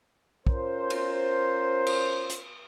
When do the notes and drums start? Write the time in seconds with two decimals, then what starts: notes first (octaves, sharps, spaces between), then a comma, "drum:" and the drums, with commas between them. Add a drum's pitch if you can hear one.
0.47 C#4 F4 A#4 C5, drum: kick
0.90 drum: cymbal
1.87 drum: cymbal
2.30 drum: hi-hat